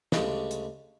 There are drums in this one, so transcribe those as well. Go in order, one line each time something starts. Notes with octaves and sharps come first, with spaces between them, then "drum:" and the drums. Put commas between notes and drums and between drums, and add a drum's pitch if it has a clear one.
D2 C#3 G3 G#3 D4, drum: snare
drum: hi-hat